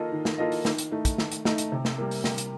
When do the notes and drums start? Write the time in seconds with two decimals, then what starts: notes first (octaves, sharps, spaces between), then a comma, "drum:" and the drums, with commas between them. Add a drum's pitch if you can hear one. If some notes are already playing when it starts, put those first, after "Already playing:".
Already playing: D#3 A#3 F4 A4 D#5
0.12 D#3
0.25 drum: snare
0.38 A#3 F4 A4 D#5
0.52 drum: open hi-hat
0.65 D#3, drum: snare
0.78 drum: hi-hat
0.91 A3 D#4
1.05 drum: kick, hi-hat
1.18 D#3, drum: snare
1.32 drum: hi-hat
1.45 A3 D#4, drum: snare
1.58 drum: hi-hat
1.72 C3
1.85 drum: snare
1.98 G3 A#3
2.11 drum: open hi-hat
2.24 C3, drum: snare
2.38 drum: hi-hat